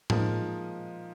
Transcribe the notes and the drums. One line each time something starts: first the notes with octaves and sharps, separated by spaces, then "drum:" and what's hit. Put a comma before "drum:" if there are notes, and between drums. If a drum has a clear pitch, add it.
A#2 F3 G#3 D#4 A#4, drum: tom A2